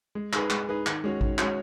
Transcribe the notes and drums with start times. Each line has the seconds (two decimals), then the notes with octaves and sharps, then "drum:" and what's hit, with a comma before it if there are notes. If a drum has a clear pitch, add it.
0.15 G#3
0.33 D#4 G#4 B4, drum: clap
0.50 G#3, drum: clap
0.69 D#4 G#4 B4
0.86 D#3, drum: clap
1.04 G#3 C#4 F#4 C#5
1.21 D#3, drum: kick A1
1.38 G#3 C#4 F#4 C#5, drum: clap